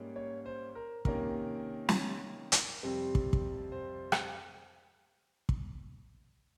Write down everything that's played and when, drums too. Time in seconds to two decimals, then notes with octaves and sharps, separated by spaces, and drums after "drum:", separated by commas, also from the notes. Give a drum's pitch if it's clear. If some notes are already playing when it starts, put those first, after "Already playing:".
Already playing: G#2 G3 A#3 C#4
0.16 C#5
0.46 C5
0.75 A#4
1.05 C3 D#3 A#3 C#4 A#4, drum: kick
1.89 drum: snare
2.52 drum: hi-hat
2.83 F2 C3 G3 C4
3.15 drum: kick
3.33 drum: kick
3.72 C5
4.12 drum: rim click
5.49 drum: kick